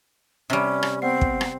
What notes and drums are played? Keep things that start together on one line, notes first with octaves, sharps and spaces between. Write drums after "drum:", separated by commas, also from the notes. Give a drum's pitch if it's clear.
C3 G3 C#4
drum: rim click
B3 C4 F#5 C7
drum: kick
drum: rim click